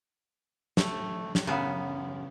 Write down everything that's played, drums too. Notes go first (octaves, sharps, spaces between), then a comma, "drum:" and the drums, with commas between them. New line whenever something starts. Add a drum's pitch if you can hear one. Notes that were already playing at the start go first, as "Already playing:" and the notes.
A3, drum: snare
drum: snare
F#2 C#3 B3